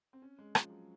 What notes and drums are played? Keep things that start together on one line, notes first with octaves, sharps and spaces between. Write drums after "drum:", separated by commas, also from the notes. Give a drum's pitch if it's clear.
C4
C#4
G#3
F3, drum: rim click
F#3